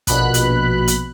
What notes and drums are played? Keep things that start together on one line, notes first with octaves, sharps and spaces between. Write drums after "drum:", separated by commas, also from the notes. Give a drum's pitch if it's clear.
A#1 B2 B5 F#6, drum: kick, hi-hat
drum: hi-hat
drum: hi-hat